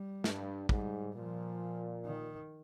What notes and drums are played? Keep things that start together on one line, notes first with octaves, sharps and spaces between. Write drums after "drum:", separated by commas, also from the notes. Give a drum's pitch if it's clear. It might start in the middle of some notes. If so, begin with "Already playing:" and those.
Already playing: G3
G2, drum: snare
G#2 G3, drum: kick
A#2 F3
D#3